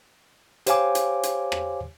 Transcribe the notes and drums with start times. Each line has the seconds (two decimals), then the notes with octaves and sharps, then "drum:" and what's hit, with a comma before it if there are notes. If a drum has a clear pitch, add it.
0.67 G4 C5 C#5 F5 G#5 D6, drum: hi-hat
0.95 drum: hi-hat
1.23 drum: hi-hat
1.52 drum: rim click